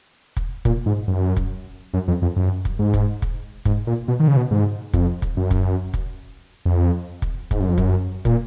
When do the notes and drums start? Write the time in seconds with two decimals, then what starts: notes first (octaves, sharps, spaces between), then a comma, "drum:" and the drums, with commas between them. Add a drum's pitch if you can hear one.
0.37 drum: kick
0.65 A#2, drum: kick
0.86 G#2
1.08 F#2
1.37 drum: kick
1.94 F#2
2.08 F2
2.22 F2
2.36 F#2
2.65 drum: kick
2.79 G#2
2.94 drum: kick
3.22 drum: kick
3.65 G#2, drum: kick
3.87 A#2
4.08 B2
4.20 D#3
4.28 C#3
4.37 B2
4.51 G#2
4.93 F2, drum: kick
5.22 drum: kick
5.37 F#2
5.51 drum: kick
5.94 drum: kick
6.65 F2
7.22 drum: kick
7.51 G#2, drum: kick
7.60 F#2
7.69 F2
7.78 F#2, drum: kick
8.25 A#2, drum: kick